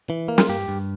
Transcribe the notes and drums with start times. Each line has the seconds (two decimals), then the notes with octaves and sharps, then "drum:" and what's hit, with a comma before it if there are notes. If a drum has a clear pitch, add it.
0.10 E3
0.28 A#3
0.38 F4, drum: snare
0.49 G2 G4
0.68 G2